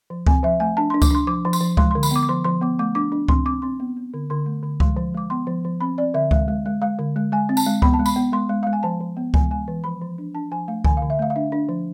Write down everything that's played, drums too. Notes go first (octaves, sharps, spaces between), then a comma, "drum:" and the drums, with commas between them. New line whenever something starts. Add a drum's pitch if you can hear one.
F3
C4 G#5, drum: kick C#2
F3 E5
A3 G#5
D4 A5
D4 C6
D6, drum: kick C#2, tambourine
D4 C6
F3 D6
F3
C6, drum: tambourine
F3
G#3 C6, drum: kick C#2
D3 C6
B5, drum: tambourine
B3 D6
D6
F3 C6
F3 C6
B3 D6
A3 D6
D4 D6
D4
C4 C6, drum: kick C#2
C4 D6
C4 C6
B3
B3
D3
D3 C6
A3
D3
G#3 C6, drum: kick C#2
F3
G#3 D6
B3 C6
F3
F3
C4 B5
C4 D5
D3 E5
G#3 E5, drum: kick C#2
G#3
G#3
G#3 F5
D3
G#3
G#3 G#5
C4
A5, drum: tambourine
G#3
B3 B5, drum: kick C#2
A5
G#3
B5, drum: tambourine
B3
G#3 C6
G#3
G#3 F5
G#5
F3 A5
F3
B3
G#3 G#5, drum: kick C#2
G#3 G#5
E3
F3 B5
F3
D4
D4 A5
F3 G#5
A3 F5
D3 G#5, drum: kick C#2
F5
D3
E5
A3 F5
F5
D4 E5
D4
F3